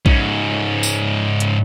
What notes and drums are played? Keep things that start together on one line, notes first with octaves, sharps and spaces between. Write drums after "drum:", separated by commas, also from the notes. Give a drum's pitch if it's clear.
G#2 C#4, drum: kick
drum: tambourine
drum: hi-hat